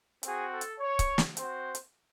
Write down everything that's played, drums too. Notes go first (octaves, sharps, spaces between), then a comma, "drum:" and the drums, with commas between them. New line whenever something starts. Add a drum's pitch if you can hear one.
C4 F#4 G#4, drum: hi-hat
A4
drum: hi-hat
C#5
drum: kick C#1, hi-hat
drum: snare
C4 F#4 C5, drum: hi-hat
drum: hi-hat